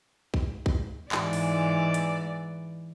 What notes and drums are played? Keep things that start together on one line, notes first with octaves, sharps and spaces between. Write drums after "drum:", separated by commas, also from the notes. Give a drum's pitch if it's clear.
drum: kick
drum: kick
G#2 E3 D5, drum: clap
drum: open hi-hat
drum: hi-hat